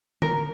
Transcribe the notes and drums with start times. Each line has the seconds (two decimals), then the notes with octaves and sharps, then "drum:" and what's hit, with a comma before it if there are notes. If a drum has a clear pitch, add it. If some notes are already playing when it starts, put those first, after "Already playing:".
0.22 A#4, drum: tom D3